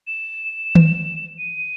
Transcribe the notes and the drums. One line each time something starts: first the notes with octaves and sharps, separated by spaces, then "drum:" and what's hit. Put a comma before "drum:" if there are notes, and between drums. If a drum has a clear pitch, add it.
E7
drum: tom D#3
D#7